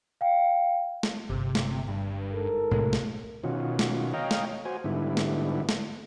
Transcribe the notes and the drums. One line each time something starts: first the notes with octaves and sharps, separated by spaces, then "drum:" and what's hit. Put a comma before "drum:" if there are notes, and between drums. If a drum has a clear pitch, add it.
F5 G5
drum: snare
G1 C3
drum: snare
G2
G#2 A4 A#4
B1 A2 C3 G#3
drum: snare
B2 D#3 C#4 F4 F#4
drum: snare
C#5 D#5 F5 G5 A#5
drum: snare
F#4 C5 G#5
G#2 D3 G3 B3 E4
drum: snare
drum: snare